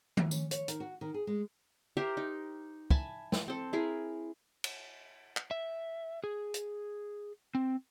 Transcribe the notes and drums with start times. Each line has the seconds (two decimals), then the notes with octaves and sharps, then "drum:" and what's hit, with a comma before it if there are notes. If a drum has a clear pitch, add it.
0.17 D2, drum: tom D#3
0.31 C#4, drum: tambourine
0.51 C#5, drum: hi-hat
0.68 D#3, drum: hi-hat
0.80 F#4
1.01 D#3
1.14 G#4
1.27 G#3
1.97 G4 A#4 C5 E5
2.17 D#4
2.91 E5 G#5 A5 B5, drum: kick
3.32 drum: snare
3.48 C4 A4
3.73 E4 G#4 A#4
4.64 drum: cymbal
5.37 drum: clap
5.51 E5
6.24 G#4
6.54 drum: hi-hat
7.55 C4